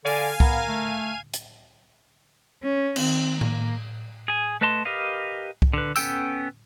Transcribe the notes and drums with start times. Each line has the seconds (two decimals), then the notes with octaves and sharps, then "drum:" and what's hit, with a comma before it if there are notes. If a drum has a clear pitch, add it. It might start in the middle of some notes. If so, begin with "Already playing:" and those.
0.05 D3 D5 F5 G#5 D#7
0.40 B3 A#4, drum: kick C2
0.68 A3
1.34 drum: hi-hat
2.63 C#4
2.96 D#3 C4, drum: cymbal
3.41 A#3, drum: tom A2
4.28 G#4 G#5
4.61 A3 B4 D#5 A5 C6
4.85 G4 A#4 B4 D#5 F5
5.62 drum: kick C2
5.73 D3 B4
5.96 B3 C#4 A4 G5 E6, drum: tambourine